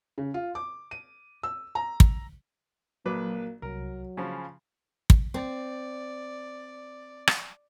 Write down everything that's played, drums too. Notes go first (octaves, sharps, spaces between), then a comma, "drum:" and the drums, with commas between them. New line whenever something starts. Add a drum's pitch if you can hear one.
C#3
F4
D6
D#7
E6
A#5
drum: kick
A#1 F#3 A#3 B4 D6
C2 F#3 A#4
C#3 F3 G#5 B5
drum: kick
C4 D5
drum: rim click